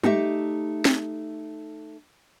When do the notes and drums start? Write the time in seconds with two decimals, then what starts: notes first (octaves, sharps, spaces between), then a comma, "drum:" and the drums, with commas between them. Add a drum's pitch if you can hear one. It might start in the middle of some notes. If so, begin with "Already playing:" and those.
0.04 A3 D#4 G4 E5, drum: tom G3
0.85 drum: snare